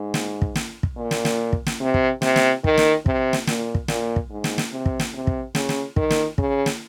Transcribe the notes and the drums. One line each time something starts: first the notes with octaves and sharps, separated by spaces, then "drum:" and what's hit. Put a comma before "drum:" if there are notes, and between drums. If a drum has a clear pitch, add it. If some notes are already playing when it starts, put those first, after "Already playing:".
Already playing: G#2
drum: snare
drum: kick
drum: snare
drum: kick
A#2
drum: snare
drum: snare
drum: kick
drum: snare
C3
drum: kick
C3, drum: snare
drum: snare
D#3, drum: kick
drum: snare
C3, drum: kick
drum: snare
A#2, drum: snare
drum: kick
A#2, drum: snare
drum: kick
G#2
drum: snare
drum: snare
C3
drum: kick
drum: snare
C3
drum: kick
C#3, drum: snare
drum: snare
D#3, drum: kick
drum: snare
C#3, drum: kick
drum: snare